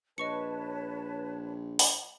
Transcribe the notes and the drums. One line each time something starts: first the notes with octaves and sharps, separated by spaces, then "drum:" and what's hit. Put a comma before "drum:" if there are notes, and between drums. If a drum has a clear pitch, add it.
A#1 B4 C#5 D#5 A5 C#6 C#7
drum: open hi-hat